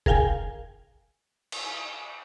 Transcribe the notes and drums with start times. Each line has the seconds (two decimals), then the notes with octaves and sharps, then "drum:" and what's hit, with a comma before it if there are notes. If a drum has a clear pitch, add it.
0.06 G#4 A#4 F5 G5 G#5, drum: kick F1
1.52 drum: cymbal